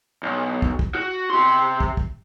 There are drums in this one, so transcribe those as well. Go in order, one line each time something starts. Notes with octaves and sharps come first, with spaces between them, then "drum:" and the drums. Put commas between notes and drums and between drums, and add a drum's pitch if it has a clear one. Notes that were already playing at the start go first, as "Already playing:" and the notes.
B1
drum: kick
drum: kick
F#4
C3 C6
drum: kick
drum: kick